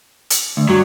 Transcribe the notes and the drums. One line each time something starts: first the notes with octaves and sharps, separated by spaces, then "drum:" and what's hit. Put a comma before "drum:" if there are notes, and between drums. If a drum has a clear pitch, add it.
drum: hi-hat
D2
G2 F#3